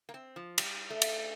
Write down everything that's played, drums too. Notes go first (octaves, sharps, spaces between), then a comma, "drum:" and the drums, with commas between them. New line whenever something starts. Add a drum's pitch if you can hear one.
A#3
C4
F3
G3, drum: cymbal
A3
drum: cymbal